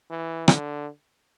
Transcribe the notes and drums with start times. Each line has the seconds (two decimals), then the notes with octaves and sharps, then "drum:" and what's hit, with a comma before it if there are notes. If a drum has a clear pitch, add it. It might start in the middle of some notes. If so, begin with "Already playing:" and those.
0.10 E3
0.48 D3, drum: rim click